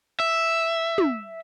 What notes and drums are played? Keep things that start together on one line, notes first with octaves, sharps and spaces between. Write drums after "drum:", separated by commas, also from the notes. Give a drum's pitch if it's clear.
E5
drum: tom